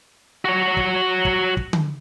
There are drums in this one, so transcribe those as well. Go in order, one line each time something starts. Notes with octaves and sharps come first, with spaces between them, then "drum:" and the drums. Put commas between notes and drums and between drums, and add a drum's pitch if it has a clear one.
F#4 C#5
drum: kick
drum: kick
drum: kick
drum: tom D3